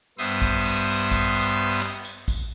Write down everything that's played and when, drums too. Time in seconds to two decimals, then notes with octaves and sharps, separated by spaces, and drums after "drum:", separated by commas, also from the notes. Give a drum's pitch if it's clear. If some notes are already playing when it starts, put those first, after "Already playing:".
0.18 G2 B3 C5 E5 D#6, drum: tambourine
0.42 drum: kick, tambourine
0.65 drum: tambourine
0.88 drum: tambourine
1.12 drum: kick, tambourine
1.35 drum: tambourine
1.81 drum: clap
2.05 drum: tambourine
2.28 drum: kick, tambourine